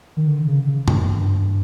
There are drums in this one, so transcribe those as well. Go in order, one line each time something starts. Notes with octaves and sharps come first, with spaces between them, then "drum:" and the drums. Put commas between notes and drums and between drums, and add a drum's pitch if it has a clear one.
D#3
D3
C#3
C#3
G2, drum: tom G2
F#2
G2